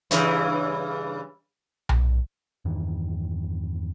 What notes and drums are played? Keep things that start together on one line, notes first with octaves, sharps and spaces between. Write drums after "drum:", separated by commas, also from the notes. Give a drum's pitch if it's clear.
G2 C#3 E3, drum: hi-hat
drum: tom B1
E2 G2 D#3 E3